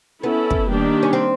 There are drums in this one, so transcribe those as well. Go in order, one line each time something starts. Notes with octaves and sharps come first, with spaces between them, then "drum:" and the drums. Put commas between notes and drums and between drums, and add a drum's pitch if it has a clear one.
B3 C#4 E4 A4
drum: kick
D#3 G3 A#3 D4 G4
C#4
C4